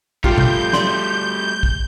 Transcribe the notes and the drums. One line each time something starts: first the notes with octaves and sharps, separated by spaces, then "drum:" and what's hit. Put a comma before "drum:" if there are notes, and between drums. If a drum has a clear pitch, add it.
G3 A3 F4 G4 G6, drum: kick
drum: tom
C#5 D5 C6, drum: snare
drum: kick